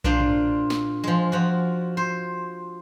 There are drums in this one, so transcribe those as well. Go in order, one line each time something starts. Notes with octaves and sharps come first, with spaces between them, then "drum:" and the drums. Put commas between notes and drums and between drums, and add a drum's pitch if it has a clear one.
A#2 D4 F4 C5, drum: kick B1
drum: tom
drum: snare
F3 G#3
F3 F#4
C5